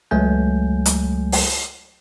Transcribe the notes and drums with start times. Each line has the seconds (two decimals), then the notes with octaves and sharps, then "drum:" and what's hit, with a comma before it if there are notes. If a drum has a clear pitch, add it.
0.11 C#2 F#3 G#3 A3 G#5 G6
0.86 drum: hi-hat
1.32 drum: open hi-hat